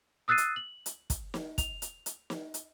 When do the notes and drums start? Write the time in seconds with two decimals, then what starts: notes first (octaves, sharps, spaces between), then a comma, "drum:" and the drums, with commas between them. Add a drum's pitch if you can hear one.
0.28 D#6 E6 F#6 A6 C7 D#7
0.38 drum: hi-hat
0.56 F#7
0.86 drum: hi-hat
1.10 drum: kick, hi-hat
1.34 drum: snare
1.58 F7, drum: kick, hi-hat
1.82 drum: hi-hat
2.06 drum: hi-hat
2.30 drum: snare
2.54 drum: hi-hat